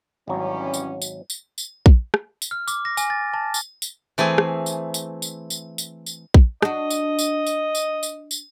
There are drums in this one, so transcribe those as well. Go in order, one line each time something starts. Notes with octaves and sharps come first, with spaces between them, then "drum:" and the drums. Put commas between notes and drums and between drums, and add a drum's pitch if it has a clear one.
G#1 E3 F#3 G3 C#4
drum: tambourine
drum: tambourine
drum: tambourine
drum: tambourine
drum: kick A#1
drum: rim click
drum: tambourine
F6
D6, drum: tambourine
A#6
G#5, drum: tambourine
A6
A5
drum: tambourine
drum: tambourine
E3 A3 C4 G#4
drum: rim click
drum: tambourine
drum: tambourine
drum: tambourine
drum: tambourine
drum: tambourine
drum: tambourine
drum: kick A#1
D4 F#4 D#5, drum: rim click
drum: tambourine
drum: tambourine
drum: tambourine
drum: tambourine
drum: tambourine
drum: tambourine